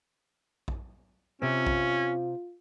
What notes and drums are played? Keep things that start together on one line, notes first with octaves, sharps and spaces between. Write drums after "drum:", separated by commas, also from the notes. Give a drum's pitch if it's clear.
drum: kick A#1
C3 C4 C#4 F4
drum: kick A#1